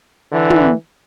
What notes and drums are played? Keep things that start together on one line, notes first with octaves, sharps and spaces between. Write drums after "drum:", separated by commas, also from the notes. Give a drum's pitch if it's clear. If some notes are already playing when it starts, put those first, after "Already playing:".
D3 E3
drum: tom